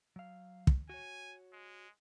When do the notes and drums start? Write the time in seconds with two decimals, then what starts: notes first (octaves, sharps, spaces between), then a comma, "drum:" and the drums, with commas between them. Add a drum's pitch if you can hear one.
0.16 F#3 F5
0.67 drum: kick
0.90 F#4 C#5 G#5
1.53 G#3